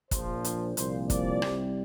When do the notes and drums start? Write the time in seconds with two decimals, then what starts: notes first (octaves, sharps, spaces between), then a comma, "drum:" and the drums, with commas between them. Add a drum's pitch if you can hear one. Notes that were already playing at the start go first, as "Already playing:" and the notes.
0.11 A#1 A#2 F3 C5, drum: kick, hi-hat
0.44 drum: hi-hat
0.77 C2 A#2 F3 C5, drum: hi-hat
1.10 D5, drum: kick, hi-hat
1.42 C2 C3 G3, drum: rim click